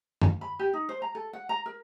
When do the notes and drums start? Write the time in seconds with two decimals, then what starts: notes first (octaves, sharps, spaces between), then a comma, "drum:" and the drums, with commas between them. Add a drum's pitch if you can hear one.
0.21 drum: tom F#2
0.41 B5
0.59 G4
0.73 D#4
0.89 C5
1.02 A#5
1.15 A4
1.33 F#5
1.49 A#5
1.66 A#4